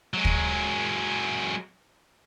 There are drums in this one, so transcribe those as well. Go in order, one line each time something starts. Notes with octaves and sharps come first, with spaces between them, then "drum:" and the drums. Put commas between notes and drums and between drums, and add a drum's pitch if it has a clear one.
F#3 G#3
drum: kick